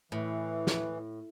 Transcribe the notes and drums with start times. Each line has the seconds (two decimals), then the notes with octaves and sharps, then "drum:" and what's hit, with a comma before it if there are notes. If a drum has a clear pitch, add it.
0.12 A2 E3
0.67 drum: snare